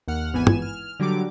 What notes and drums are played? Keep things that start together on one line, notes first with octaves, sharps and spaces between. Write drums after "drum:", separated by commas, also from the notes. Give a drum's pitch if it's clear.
D#2 F#5 F6
G#1 E3 B3 G#5 E7
drum: tom
F6
D3 F#3 G3 D6